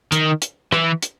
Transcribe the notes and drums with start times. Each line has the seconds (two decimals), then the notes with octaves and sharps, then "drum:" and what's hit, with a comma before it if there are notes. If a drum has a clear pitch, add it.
0.12 D#3, drum: hi-hat
0.42 drum: hi-hat
0.72 E3, drum: rim click
1.02 drum: hi-hat